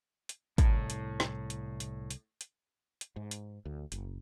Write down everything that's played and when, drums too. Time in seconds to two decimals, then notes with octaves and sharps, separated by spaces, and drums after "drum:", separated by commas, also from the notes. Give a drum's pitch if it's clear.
0.29 drum: hi-hat
0.58 C2 A2, drum: kick, hi-hat
0.90 drum: hi-hat
1.20 drum: snare
1.50 drum: hi-hat
1.80 drum: hi-hat
2.11 drum: hi-hat
2.41 drum: hi-hat
3.01 drum: hi-hat
3.16 G#2
3.31 drum: hi-hat
3.65 D2
3.92 F#1, drum: hi-hat